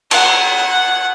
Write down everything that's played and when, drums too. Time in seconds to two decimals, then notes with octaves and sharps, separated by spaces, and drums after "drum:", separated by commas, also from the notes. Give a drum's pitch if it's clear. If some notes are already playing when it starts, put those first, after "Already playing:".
0.11 F#5, drum: cymbal